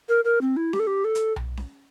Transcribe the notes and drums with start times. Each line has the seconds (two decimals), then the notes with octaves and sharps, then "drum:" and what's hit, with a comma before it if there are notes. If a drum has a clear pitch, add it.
0.09 A#4
0.25 A#4
0.41 C4
0.56 E4
0.73 G4, drum: snare C#4
0.79 A4
0.87 G4
1.04 A4
1.15 drum: hi-hat
1.36 drum: tom B1
1.57 drum: snare C#4